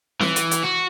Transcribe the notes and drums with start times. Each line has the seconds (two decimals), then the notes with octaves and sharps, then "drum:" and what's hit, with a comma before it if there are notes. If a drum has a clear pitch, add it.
0.21 E3, drum: snare
0.36 drum: hi-hat
0.51 drum: hi-hat
0.63 F#4